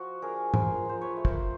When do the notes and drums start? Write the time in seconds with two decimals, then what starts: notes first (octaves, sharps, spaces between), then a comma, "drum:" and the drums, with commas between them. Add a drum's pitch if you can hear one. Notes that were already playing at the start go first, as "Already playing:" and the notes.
Already playing: F3 F#4
0.22 D4 G#4 A#4
0.54 F3 A#4 C5, drum: tom G#2
0.85 F3 C5
1.01 B4 C#5
1.17 A3
1.25 A#4 C5, drum: kick